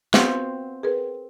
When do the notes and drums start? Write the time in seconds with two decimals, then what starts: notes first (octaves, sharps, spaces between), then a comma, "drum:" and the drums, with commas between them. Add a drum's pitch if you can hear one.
0.14 B3 C4 F4 F#4, drum: snare
0.83 G#4 A#4 B4